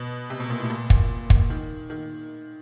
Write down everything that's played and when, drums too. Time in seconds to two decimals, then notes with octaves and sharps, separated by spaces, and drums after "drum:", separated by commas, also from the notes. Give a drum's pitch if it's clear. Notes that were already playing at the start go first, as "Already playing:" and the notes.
Already playing: B2
0.30 C3
0.40 B2
0.50 A#2
0.60 A2
0.70 A#2
0.90 drum: kick
1.30 drum: kick
1.50 D#3
1.90 D#3